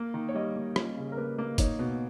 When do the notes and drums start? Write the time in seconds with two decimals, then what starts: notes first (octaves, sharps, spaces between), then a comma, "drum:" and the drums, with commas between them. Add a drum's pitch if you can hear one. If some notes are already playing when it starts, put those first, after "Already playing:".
Already playing: A#3
0.14 D#3
0.29 C#5
0.34 G3 D#5
0.56 A#3
0.76 C#4, drum: rim click
0.97 C#3
1.12 A#4
1.17 A#3 B4
1.38 A#3
1.58 D#4 C#5, drum: kick, hi-hat
1.79 B2